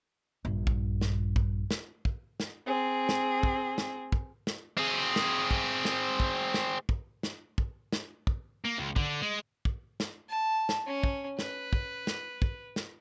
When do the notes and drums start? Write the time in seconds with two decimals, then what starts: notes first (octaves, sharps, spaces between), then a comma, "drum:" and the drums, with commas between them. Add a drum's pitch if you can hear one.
0.45 A#1 G2
0.67 drum: kick
1.01 drum: snare
1.36 drum: kick
1.71 drum: snare
2.05 drum: kick
2.40 drum: snare
2.66 C4 G#4
3.09 drum: snare
3.43 drum: kick
3.78 drum: snare
4.12 drum: kick
4.47 drum: snare
4.77 C4 G#4
5.16 drum: snare
5.51 drum: kick
5.85 drum: snare
6.20 drum: kick
6.54 drum: snare
6.89 drum: kick
7.23 drum: snare
7.58 drum: kick
7.93 drum: snare
8.27 drum: kick
8.65 A#3
8.78 C#2
8.96 D3, drum: kick
9.22 G#3
9.65 drum: kick
10.00 drum: snare
10.29 A5
10.69 drum: snare
10.86 C#4
11.03 drum: kick
11.39 B4, drum: snare
11.73 drum: kick
12.07 drum: snare
12.42 drum: kick
12.76 drum: snare